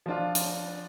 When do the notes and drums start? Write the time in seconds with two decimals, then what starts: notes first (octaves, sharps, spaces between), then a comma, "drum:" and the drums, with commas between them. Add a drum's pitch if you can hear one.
0.06 F3 D4 F4
0.35 drum: hi-hat